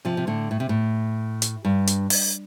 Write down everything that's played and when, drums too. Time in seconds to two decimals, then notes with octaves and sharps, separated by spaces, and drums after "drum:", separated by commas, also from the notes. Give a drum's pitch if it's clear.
0.05 C3 F3
0.17 C3
0.27 A2 D3
0.51 A2
0.60 C3
0.69 A2
1.42 drum: hi-hat
1.65 G2
1.87 drum: hi-hat
2.10 drum: open hi-hat